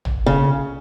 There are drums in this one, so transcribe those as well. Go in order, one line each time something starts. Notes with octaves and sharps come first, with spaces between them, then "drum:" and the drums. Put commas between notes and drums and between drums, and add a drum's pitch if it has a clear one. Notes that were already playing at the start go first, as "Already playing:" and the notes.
drum: tom
C#3